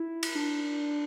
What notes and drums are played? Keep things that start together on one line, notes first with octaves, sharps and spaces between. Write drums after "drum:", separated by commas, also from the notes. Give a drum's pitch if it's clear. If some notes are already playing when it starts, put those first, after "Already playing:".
Already playing: E4
drum: cymbal
D4